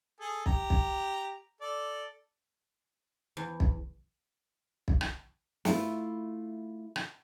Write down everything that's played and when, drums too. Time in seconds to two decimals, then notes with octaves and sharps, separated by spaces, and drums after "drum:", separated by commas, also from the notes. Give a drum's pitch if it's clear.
0.20 G#4 A4
0.46 G4 A#5, drum: kick
0.70 drum: kick
1.61 A4 D5
3.37 E2
3.60 drum: kick
4.88 drum: kick
5.01 drum: rim click
5.65 A3 E4 F4, drum: snare
6.96 drum: rim click